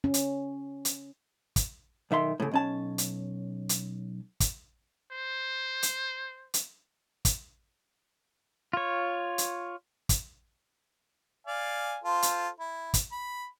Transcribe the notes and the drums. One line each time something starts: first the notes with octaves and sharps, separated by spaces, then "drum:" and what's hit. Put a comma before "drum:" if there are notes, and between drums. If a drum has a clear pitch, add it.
C#4
drum: hi-hat
drum: hi-hat
drum: kick, hi-hat
B1 D#3 E5 C6
A2 C#3
B1 C#4 A5
drum: hi-hat
drum: hi-hat
drum: kick, hi-hat
C5
drum: hi-hat
drum: hi-hat
drum: kick, hi-hat
F4 C#5
drum: hi-hat
drum: kick, hi-hat
D5 F5 G#5
F4 A4 C5
drum: hi-hat
E4
drum: kick, hi-hat
B5